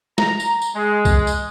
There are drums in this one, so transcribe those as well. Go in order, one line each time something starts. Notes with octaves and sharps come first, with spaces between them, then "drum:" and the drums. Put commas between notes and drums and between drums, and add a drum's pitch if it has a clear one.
A#5, drum: snare
drum: tambourine
drum: tambourine
G#3
drum: kick C2, tambourine
drum: tambourine